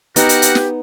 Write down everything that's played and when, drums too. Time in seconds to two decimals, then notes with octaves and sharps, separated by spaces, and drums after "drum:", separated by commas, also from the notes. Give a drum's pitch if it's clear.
0.16 B3 D#4 F#4 G4 A#4 F#5, drum: hi-hat
0.29 drum: hi-hat
0.42 drum: hi-hat
0.55 drum: snare